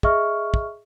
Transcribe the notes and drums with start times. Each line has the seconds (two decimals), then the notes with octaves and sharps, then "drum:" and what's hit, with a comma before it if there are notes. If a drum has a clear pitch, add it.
0.03 G#4 D#5 E5 C#6 F6, drum: kick
0.54 drum: kick